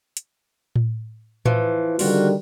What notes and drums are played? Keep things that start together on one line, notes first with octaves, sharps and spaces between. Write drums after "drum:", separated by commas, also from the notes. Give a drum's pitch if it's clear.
drum: hi-hat
drum: tom A2
E3 F3, drum: tom A2
D3 D#3 G3 F4 F#4, drum: open hi-hat